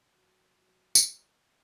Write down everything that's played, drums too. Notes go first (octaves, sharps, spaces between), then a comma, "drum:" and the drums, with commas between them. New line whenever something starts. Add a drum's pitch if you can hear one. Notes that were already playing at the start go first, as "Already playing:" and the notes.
Already playing: C3
F#3
F#3
drum: tambourine
C4